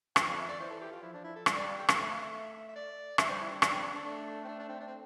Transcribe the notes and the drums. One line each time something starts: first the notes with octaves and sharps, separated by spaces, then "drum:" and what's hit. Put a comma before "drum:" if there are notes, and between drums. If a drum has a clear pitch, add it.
F2 G5, drum: rim click
F5
E5
D5
E3 C5
A4
G4
F4
F3 E4
D4
E4
A4
G3, drum: rim click
D5
F5
G5
A3 F5, drum: rim click
E5
F5
E5
E5
D5
G3 E5, drum: rim click
C5
E4
D4
D4, drum: rim click
C4
D4
D4
A3
C4
D4
D4
C4
D4
C4